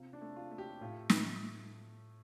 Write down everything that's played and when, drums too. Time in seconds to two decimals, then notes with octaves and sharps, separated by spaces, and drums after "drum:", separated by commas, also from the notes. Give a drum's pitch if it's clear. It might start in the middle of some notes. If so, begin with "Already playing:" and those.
Already playing: C3 F4
0.13 D4
0.21 A3
0.36 F4
0.51 A3
0.58 G4
0.81 A2 F4
1.09 drum: snare